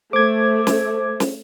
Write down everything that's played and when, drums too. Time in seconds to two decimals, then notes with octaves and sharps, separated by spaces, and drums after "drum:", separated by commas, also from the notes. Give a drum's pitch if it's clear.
0.13 A3 C5 D6 G#6
0.67 drum: snare
1.20 drum: snare